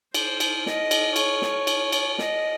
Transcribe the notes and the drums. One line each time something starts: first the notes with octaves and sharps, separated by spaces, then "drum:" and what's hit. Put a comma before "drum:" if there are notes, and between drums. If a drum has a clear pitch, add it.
C5, drum: cymbal
drum: cymbal
D#5, drum: snare
drum: cymbal
C#5, drum: cymbal
drum: snare
drum: cymbal
drum: cymbal
D#5, drum: snare